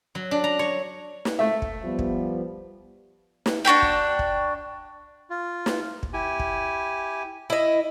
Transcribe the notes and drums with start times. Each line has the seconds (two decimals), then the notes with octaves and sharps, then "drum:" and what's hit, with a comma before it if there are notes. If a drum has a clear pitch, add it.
0.15 F#3
0.31 D4
0.44 A#5
0.59 C#5
1.25 drum: snare
1.39 A3 E5
1.62 drum: kick
1.84 F3 G3 B3
1.99 drum: kick
3.46 drum: snare
3.65 D4 F#4 G4 G5
3.82 drum: kick
4.19 drum: kick
5.30 F4
5.66 drum: snare
6.03 drum: kick
6.13 E4 G4 G#5
6.39 drum: kick
7.50 E4 D#5